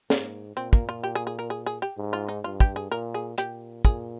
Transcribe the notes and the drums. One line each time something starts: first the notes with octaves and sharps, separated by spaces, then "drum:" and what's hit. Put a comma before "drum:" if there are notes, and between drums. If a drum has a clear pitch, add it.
G#2 A#3, drum: snare
A#2 C4
A#3, drum: kick
F4
G4
G#4
G#4
A#4
G#4
G#4
G4
G#2
F4
D#4
G2 F4
G4, drum: kick
G#4
A#2 A#4
G#4
A#2 G4, drum: hi-hat
A#2 G#4, drum: kick